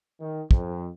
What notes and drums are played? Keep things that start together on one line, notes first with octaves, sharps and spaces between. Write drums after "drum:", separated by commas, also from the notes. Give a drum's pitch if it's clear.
D#3
F2, drum: kick